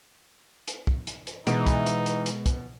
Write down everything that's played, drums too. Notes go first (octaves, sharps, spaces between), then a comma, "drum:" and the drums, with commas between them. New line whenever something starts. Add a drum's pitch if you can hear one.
drum: hi-hat
drum: kick
drum: hi-hat
drum: hi-hat
B2 E3 G#3 D#4 D7, drum: hi-hat
drum: kick, hi-hat
drum: hi-hat
drum: hi-hat
drum: hi-hat
drum: kick, hi-hat